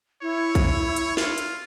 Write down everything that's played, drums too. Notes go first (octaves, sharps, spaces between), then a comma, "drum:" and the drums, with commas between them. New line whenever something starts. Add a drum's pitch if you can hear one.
E4 C#5
drum: kick A#1, hi-hat
drum: hi-hat
F4, drum: snare
drum: hi-hat